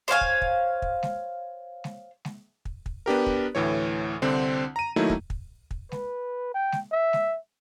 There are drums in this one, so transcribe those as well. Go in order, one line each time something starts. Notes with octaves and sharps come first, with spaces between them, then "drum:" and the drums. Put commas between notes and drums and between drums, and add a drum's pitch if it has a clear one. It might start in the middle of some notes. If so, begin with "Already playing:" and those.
C5 C#5 F5 G#5
drum: kick
drum: kick
drum: kick
drum: snare G#3
drum: snare G#3
drum: snare G#3
drum: kick
drum: kick
B3 D4 G4 A#4
drum: kick
D2 A2 E3 C#5
C2 D3 C4 D4
A#5 D#7
D#3 F#3 A3 A#3 D#4 E4
drum: kick
drum: kick
drum: kick
B4, drum: snare G#3
G5
drum: snare G#3
E5
drum: snare G#3